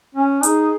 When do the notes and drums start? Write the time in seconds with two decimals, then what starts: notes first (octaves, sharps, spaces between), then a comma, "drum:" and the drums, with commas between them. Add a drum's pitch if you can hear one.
0.15 C#4
0.43 D#4 G#4, drum: hi-hat